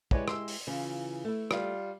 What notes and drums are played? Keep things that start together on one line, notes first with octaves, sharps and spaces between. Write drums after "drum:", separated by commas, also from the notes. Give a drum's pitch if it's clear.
G#3 E4 G4 B4 C#5 D5, drum: kick
C6 E6, drum: rim click
drum: open hi-hat
C#3 E3 F4
A3 E4
G3 F4, drum: rim click